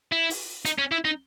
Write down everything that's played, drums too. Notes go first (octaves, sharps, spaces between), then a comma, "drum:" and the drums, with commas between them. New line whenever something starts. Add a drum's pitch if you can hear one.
E4
drum: open hi-hat
D#4, drum: hi-hat
C#4
E4
D#4